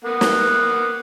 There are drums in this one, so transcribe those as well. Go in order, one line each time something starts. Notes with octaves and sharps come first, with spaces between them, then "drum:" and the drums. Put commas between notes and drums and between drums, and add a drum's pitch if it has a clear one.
A#3 B3 F#5
drum: snare